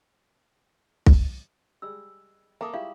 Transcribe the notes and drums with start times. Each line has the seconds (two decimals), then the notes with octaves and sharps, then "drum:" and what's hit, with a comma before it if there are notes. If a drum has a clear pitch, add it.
1.06 drum: kick
1.82 G3 G#3 E6
2.61 A#3 A4 E5 A5 A#5 D6 D#6
2.73 G3 G#3 E4 F4 G4 F5 C#6